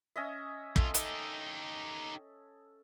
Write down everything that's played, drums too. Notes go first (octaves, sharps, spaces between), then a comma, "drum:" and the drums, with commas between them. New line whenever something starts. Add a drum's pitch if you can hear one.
C#4 D#5 E5
F2 F4 A4, drum: kick
D#4 G4, drum: hi-hat